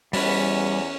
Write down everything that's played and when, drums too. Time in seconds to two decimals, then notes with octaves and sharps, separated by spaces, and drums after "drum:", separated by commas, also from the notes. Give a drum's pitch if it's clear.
0.13 E2 G3 C#4 B5, drum: open hi-hat